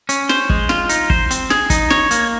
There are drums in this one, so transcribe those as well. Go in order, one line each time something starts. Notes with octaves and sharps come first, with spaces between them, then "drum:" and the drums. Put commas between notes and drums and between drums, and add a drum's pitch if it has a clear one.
C#4, drum: hi-hat
C5, drum: snare
G#3, drum: kick
F4, drum: snare
D#4, drum: hi-hat
C5, drum: kick
C4, drum: hi-hat
G#4, drum: snare
D#4, drum: kick, hi-hat
C#5, drum: snare
A#3, drum: hi-hat